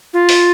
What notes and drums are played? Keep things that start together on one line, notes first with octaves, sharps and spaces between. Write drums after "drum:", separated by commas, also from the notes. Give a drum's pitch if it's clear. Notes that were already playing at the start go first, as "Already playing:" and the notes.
F4
drum: open hi-hat